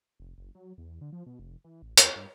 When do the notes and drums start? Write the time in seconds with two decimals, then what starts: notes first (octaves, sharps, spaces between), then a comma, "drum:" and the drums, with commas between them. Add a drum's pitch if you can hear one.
0.20 F1
0.38 F#1
0.55 F#3
0.78 E2
1.01 D3
1.13 F3
1.26 B2
1.40 F1
1.64 E3
1.82 A1
1.97 E2, drum: hi-hat
2.16 G2